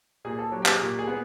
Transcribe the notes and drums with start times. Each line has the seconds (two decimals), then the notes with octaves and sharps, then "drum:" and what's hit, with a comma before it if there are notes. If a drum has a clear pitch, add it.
0.25 A#2 G#4
0.39 A4
0.51 F#3 G4
0.62 G4
0.66 G#4, drum: clap
0.79 A#2 G4
0.99 G#4
1.07 B3